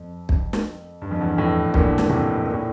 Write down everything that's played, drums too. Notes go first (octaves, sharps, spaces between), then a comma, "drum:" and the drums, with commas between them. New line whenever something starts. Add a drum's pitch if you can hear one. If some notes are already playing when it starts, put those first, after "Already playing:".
Already playing: F2
drum: kick
drum: snare
G2
F2
E2 G2
F2 A2
G2 A#2, drum: kick
drum: snare
A2 C3
A#2
A2